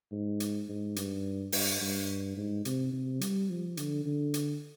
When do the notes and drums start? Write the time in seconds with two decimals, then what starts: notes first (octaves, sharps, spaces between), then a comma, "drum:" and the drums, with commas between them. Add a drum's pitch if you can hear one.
0.12 G#2
0.40 drum: hi-hat
0.69 G#2
0.96 G2, drum: hi-hat
1.52 G2, drum: open hi-hat
1.81 G2
2.37 G#2
2.65 C3, drum: hi-hat
2.93 C3
3.21 G3, drum: hi-hat
3.50 F3
3.77 D3, drum: hi-hat
4.05 D3
4.34 drum: hi-hat